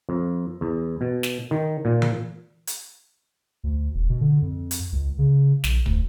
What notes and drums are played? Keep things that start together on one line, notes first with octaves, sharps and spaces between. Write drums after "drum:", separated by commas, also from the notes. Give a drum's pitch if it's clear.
F2
E2
B2
drum: snare
D#3
A#2
drum: tom E3
drum: hi-hat
D2
E1
B2
D3
F2
drum: hi-hat
C#2
C#3
A#1, drum: snare
D2, drum: kick